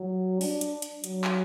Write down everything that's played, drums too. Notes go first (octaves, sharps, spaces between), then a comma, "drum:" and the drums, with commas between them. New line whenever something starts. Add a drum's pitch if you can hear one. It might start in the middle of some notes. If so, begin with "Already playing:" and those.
Already playing: F#3
D4, drum: open hi-hat
drum: hi-hat
drum: hi-hat
F#3, drum: hi-hat
drum: clap